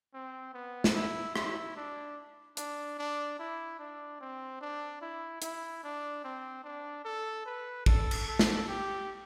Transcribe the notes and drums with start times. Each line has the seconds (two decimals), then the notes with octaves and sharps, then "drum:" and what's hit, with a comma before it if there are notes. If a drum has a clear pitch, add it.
0.13 C4
0.54 B3
0.84 drum: snare
0.95 E4
1.36 E4, drum: rim click
1.76 D4
2.57 D4, drum: hi-hat
2.99 D4
3.39 E4
3.79 D4
4.20 C4
4.61 D4
5.01 E4
5.42 E4, drum: hi-hat
5.83 D4
6.24 C4
6.64 D4
7.05 A4
7.46 B4
7.86 A4, drum: kick A1
8.11 drum: cymbal
8.28 A4
8.39 drum: snare
8.68 G4